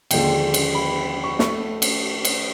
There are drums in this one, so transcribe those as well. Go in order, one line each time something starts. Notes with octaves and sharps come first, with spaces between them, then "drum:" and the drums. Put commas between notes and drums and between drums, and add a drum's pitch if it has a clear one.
D#2 D3 F3 G#3 G5, drum: cymbal
drum: cymbal
B5
C#6
A3 C#6, drum: snare
drum: cymbal
drum: cymbal